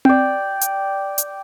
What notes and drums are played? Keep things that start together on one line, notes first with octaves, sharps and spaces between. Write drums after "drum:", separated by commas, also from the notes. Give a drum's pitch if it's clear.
D5 G5, drum: tom C4
drum: hi-hat
drum: hi-hat